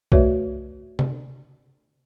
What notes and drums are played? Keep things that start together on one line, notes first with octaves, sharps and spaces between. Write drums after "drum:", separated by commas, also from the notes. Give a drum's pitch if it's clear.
A3 F#4 B4 C#5 D5 E5, drum: kick B1
drum: tom C3